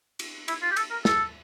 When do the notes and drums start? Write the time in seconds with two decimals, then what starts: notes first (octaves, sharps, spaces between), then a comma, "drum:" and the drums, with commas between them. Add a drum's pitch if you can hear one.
0.19 drum: cymbal
0.48 E4, drum: cymbal
0.62 F4
0.71 G4
0.76 A4, drum: cymbal
0.90 A#4
1.05 A4, drum: snare